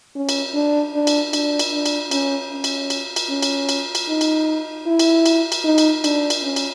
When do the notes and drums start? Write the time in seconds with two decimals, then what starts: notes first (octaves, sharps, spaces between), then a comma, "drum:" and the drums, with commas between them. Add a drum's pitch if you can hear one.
0.15 C#4
0.29 drum: cymbal
0.55 D4
0.94 D4
1.07 drum: cymbal
1.33 D4, drum: cymbal
1.59 drum: cymbal
1.73 D4
1.86 drum: cymbal
2.11 C#4, drum: cymbal
2.51 C#4
2.64 drum: cymbal
2.90 drum: cymbal
3.16 drum: cymbal
3.29 C#4
3.43 drum: cymbal
3.69 drum: cymbal
3.95 drum: cymbal
4.08 D#4
4.21 drum: cymbal
4.87 E4
4.99 drum: cymbal
5.26 drum: cymbal
5.52 drum: cymbal
5.64 D#4
5.78 drum: cymbal
6.04 D4, drum: cymbal
6.30 drum: cymbal
6.43 C#4
6.56 drum: cymbal